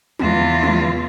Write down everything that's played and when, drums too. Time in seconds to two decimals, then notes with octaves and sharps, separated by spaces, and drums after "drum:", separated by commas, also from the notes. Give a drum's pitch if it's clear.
0.19 E2 F4, drum: tom
0.63 drum: tom